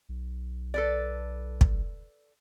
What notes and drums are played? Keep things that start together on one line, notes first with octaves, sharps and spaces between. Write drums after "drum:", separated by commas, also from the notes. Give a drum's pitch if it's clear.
B1
A4 B4 D5
drum: kick